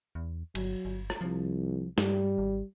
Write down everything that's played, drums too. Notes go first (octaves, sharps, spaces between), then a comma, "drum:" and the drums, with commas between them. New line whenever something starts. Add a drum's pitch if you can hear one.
E2
G1 F#3, drum: cymbal
G1
drum: rim click
C2 F3
G2 G3, drum: snare
G#1